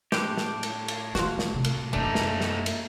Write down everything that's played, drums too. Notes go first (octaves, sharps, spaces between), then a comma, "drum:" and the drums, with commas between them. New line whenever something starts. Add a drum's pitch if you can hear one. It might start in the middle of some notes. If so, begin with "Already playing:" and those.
A2 D3 G4, drum: snare
drum: snare
drum: cymbal
drum: cymbal
D#3 F4 F#4, drum: snare
drum: snare
C3
drum: cymbal
F#2 A3 A#3 D4 D#4
drum: snare
drum: snare
drum: cymbal